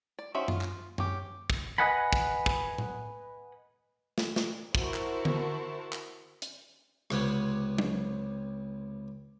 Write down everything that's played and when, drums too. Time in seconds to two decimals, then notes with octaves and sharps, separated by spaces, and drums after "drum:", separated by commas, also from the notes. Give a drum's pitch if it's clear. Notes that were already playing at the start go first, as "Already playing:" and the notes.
0.19 D5
0.34 D#3 C#4 F#4 C5 E5
0.48 F4, drum: tom F#2
0.61 drum: clap
0.98 C#4 G4, drum: tom F#2
1.50 drum: kick
1.78 B4 D#5 F#5 G#5 B5
2.13 drum: kick
2.46 drum: kick
2.78 drum: tom A2
4.18 drum: snare
4.36 drum: snare
4.75 E4 F#4 A#4 C5 A5 C#6, drum: kick
4.94 drum: clap
5.25 drum: tom D3
5.93 drum: clap
6.42 drum: hi-hat
7.10 C#2 C3 B3 C4 C#5 F#5, drum: rim click
7.78 drum: tom F#3